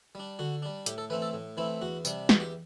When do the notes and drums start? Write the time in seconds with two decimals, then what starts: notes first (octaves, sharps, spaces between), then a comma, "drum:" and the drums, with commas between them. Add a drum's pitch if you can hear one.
0.15 G3 D4
0.39 D3 F#4
0.62 G3 D4
0.86 A2 G4, drum: hi-hat
0.98 A4
1.10 E3 A3 C4 B4
1.22 A4
1.33 A2
1.57 E3 A3 C4 E4
1.81 E2 F#4
2.05 C3 G3 D4, drum: tambourine
2.29 E2 F#4, drum: snare
2.40 G4